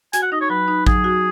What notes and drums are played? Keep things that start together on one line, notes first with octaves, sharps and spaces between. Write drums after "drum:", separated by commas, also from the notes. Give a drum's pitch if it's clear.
F#4 G#5, drum: hi-hat
F#5
D#4 D#5
C#5
F#3 B4
D#4
F#3 G#4, drum: kick A1
F#4